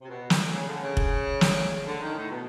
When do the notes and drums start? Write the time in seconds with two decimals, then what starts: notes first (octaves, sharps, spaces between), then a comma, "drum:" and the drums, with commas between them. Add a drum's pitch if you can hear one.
0.01 C3
0.08 B2
0.30 drum: snare
0.52 C#3
0.67 D3
0.82 C#3
0.97 drum: kick
1.41 drum: snare
1.86 D3
2.00 D#3
2.15 A2
2.30 B2